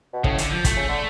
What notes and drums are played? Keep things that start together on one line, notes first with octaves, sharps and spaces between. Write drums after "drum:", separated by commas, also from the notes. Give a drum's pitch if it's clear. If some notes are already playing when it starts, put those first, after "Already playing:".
B2
A2 C#3, drum: kick
D3, drum: hi-hat
F3
A3, drum: kick, hi-hat
C#3
D3